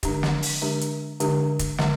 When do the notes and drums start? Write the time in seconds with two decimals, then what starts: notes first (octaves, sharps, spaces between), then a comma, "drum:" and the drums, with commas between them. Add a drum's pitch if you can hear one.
0.03 D3 G#3 D4 G4, drum: kick, hi-hat
0.23 drum: snare
0.42 drum: open hi-hat
0.62 D3 G#3 D4 G4
0.81 drum: hi-hat
1.20 D3 G#3 D4 G4, drum: hi-hat
1.59 drum: kick, hi-hat
1.78 D3 G#3, drum: snare